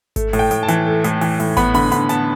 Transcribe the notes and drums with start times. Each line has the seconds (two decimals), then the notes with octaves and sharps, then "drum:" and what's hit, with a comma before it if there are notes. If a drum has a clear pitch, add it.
0.16 A3, drum: kick G#1, hi-hat
0.33 A2, drum: open hi-hat
0.39 G5
0.51 A2, drum: hi-hat
0.63 A5
0.68 E3, drum: hi-hat
0.87 A3
1.04 A2, drum: hi-hat
1.21 E3, drum: open hi-hat
1.40 A2, drum: open hi-hat
1.57 B3 B5, drum: kick G#1, hi-hat
1.74 D3 B5, drum: open hi-hat
1.92 D3 B5, drum: hi-hat
2.09 B3 A5, drum: hi-hat